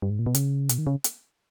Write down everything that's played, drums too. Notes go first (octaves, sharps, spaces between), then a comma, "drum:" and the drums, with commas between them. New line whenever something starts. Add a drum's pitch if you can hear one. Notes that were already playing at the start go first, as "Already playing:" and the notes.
G2
G#2
A#2
B2
C#3, drum: hi-hat
B2, drum: hi-hat
D#3
C#3
drum: hi-hat